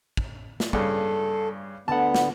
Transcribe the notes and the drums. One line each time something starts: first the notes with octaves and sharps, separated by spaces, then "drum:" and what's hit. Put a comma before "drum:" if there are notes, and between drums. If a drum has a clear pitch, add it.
drum: kick
drum: snare
G2 C#3 A4, drum: kick
D2 D3 B3 F#5 A5
drum: snare